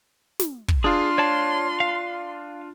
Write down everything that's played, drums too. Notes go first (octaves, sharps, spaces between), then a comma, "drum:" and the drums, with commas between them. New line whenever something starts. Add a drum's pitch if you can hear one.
drum: snare
drum: kick
D4 F4 G#4 C6
C#5 D5 A5
F5